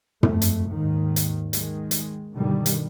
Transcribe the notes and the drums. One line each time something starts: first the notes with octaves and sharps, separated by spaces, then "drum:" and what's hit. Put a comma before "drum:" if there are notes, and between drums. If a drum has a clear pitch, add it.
F2 A3, drum: tom
drum: hi-hat
D#2 G#2 D#3
drum: hi-hat
D#3 G#3, drum: hi-hat
drum: hi-hat
G2 B2 D3 D#3 G3
drum: hi-hat